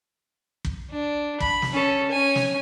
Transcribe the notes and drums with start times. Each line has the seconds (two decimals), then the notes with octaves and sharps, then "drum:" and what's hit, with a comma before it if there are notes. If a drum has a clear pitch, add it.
0.65 drum: kick
0.90 D4
1.40 B5, drum: kick
1.62 drum: snare
1.73 C#4 A4
2.11 C#4 G#5
2.35 drum: snare